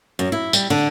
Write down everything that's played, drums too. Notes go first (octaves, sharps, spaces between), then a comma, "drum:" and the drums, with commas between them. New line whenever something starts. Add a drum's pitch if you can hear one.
F#2
E4
G3, drum: tambourine
D3